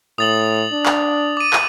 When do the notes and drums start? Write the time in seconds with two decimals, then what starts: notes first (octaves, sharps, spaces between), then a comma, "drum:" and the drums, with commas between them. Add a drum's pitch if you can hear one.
0.18 A2 D#6 A6 F#7
0.72 D4
0.86 drum: clap
1.37 D6 D#7
1.53 drum: clap